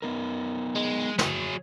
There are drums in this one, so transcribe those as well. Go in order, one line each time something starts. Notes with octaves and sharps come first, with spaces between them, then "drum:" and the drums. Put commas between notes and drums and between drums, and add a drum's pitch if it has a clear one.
B3 D#4 A#4
G#3
F#3 G#4, drum: snare